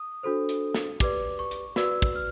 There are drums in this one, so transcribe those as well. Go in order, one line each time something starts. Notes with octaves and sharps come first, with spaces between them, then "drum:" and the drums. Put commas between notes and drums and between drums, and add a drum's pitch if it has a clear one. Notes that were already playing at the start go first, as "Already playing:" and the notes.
Already playing: D#6
D4 F#4 A4 C5
drum: hi-hat
drum: snare
G4 B4 D5 D6, drum: kick, hi-hat
C#6
drum: hi-hat
F#4 B4 D5 E6, drum: snare
drum: kick
F6